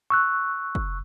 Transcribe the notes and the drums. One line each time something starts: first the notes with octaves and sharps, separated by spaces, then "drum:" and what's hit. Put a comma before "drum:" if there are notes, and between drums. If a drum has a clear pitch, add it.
C#6 E6 F#6
drum: kick